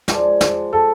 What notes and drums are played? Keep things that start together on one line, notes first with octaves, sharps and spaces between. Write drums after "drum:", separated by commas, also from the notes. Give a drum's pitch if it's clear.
F3 G#3 D4 G#4, drum: snare
drum: snare
A4